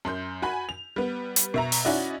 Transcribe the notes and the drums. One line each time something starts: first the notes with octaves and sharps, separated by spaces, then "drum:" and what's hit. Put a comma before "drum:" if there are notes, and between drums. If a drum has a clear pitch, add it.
F#2 C6 G6
F#4 G#5 B5
F7
G3 B3
drum: hi-hat
B2 E5 A#5
drum: open hi-hat
C#4 D#4 E4 F#4 D5 D#5